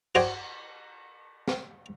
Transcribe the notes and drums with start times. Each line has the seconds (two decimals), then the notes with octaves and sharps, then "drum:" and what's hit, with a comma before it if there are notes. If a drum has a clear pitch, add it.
0.15 F#4 C5 D5 D#5 G5 G#5, drum: cymbal
1.48 drum: snare